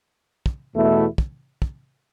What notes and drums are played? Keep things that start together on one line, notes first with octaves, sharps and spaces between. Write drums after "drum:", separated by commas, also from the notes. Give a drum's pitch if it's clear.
drum: kick
E2 B2 A3 E4
drum: kick
drum: kick